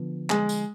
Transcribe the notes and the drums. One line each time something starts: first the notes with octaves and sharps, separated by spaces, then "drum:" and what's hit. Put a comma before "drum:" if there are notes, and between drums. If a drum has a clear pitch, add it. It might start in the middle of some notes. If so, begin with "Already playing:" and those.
Already playing: D3 F3 B3
G#3, drum: clap
drum: tambourine